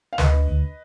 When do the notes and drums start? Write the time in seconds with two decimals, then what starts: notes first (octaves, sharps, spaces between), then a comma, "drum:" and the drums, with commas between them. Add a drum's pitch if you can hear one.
0.13 F5
0.18 D2 B4 D#5, drum: snare
0.33 D4
0.48 D2